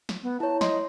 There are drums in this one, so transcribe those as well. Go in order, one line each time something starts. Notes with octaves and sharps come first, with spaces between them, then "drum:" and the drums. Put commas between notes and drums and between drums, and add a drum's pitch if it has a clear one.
drum: snare
B3
E4 C#5 A5
D#5 C6, drum: snare